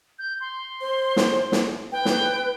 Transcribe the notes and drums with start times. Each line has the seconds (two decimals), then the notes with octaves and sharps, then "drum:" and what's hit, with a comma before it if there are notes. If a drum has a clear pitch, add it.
0.19 G6
0.40 C6
0.81 C5
1.16 drum: snare
1.52 drum: snare
1.92 B4 G5
2.05 drum: snare